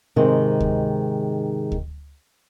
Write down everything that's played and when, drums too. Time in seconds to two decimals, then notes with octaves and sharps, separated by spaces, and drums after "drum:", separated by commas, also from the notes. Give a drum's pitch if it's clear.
0.16 G#2 C3 D#3 G#3
0.60 drum: kick D2
1.72 drum: kick D2